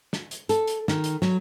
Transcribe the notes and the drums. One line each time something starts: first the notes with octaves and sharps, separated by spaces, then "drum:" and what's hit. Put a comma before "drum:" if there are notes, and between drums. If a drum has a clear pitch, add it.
drum: snare
drum: hi-hat
A4, drum: hi-hat
drum: hi-hat
D#3, drum: snare
drum: hi-hat
F#3, drum: snare